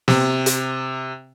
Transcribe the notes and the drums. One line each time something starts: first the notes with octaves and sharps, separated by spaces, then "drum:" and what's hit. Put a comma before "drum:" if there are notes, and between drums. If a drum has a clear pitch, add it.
C3, drum: snare
drum: hi-hat